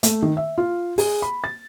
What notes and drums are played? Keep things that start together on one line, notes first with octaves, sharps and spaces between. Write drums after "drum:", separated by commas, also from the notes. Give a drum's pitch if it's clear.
A3, drum: hi-hat
D#3
E5
F4
G#4, drum: open hi-hat
B5
A6